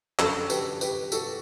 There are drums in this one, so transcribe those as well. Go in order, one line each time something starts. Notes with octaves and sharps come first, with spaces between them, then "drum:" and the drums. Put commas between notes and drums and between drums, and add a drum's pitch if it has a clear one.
F#2 D3 F#4 A4, drum: clap
G4 B4, drum: tambourine
G4 B4, drum: tambourine
F#4 A4, drum: tambourine